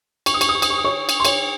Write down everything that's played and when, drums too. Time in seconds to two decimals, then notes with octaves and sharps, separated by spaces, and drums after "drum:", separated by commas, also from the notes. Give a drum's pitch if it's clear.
0.26 C#6, drum: cymbal
0.34 D#6
0.41 C#6, drum: cymbal
0.49 D#6
0.55 C#6
0.62 D#6, drum: cymbal
0.70 C#6
0.78 D#6
0.84 C#5 C#6
1.09 drum: cymbal
1.20 C6
1.25 C#5 C#6, drum: cymbal